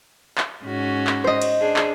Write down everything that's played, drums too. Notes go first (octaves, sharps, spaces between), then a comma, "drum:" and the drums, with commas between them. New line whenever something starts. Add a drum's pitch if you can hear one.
drum: clap
G#2 C#4 F#4
drum: clap
C5 D#5
drum: cymbal
D4 G#4
drum: clap